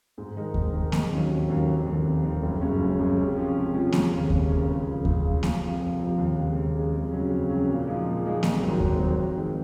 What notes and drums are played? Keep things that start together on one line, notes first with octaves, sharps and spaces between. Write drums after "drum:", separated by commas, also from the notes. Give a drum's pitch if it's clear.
G#2
D#3 G#3 D#4 A#4
G#2, drum: kick D#2
D#3 G#3 D#4 A#4
F1, drum: snare A#3
D#2 D#3 F#3 C#4
F1
D#2 D#3 F#3 C#4
F1
D#2 D#3
F1
D#2 D#3
F#1
F#2 C#3 G#3 C#4
F#1
F#2 C#3 G#3 C#4
C3
F3 G#3 C#4 F4
C3
F3 G#3 C#4 F4
F1, drum: snare A#3
D#2 C#3 G#3 C#4
F1, drum: kick D#2
D#2 C#3 G#3 C#4
C#2
C#3 F3
C#2, drum: kick D#2
C#3 F3
F1, drum: snare A#3
F2 C3 F3
F1
F2 C3 F3
D#2
C#3 G#3
D#2
C#3 G#3
F2
C#3 F#3 C#4
F2
C#3 F#3 C#4
A#2
F3 G#3 D#4
A#2
F3 G#3 D#4
G#1, drum: snare A#3
G#2 D#3 F#3
G#1, drum: kick D#2
G#2 D#3 F#3
F2
D#3 G#3